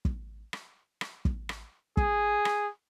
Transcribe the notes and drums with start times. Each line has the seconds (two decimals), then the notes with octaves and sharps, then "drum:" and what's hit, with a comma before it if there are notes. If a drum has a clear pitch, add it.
0.05 drum: kick
0.53 drum: rim click
1.01 drum: rim click
1.25 drum: kick
1.49 drum: rim click
1.97 G#4, drum: kick
2.45 drum: rim click